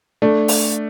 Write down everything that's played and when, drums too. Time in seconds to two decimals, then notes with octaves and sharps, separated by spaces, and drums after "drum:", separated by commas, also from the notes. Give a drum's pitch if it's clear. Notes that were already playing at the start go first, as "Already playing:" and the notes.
0.22 A3 D4
0.48 drum: open hi-hat